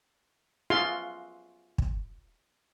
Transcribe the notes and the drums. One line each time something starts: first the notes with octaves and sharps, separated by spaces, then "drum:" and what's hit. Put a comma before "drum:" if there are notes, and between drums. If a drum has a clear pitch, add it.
F4 F#4 G#4 E5 F5 C6
drum: kick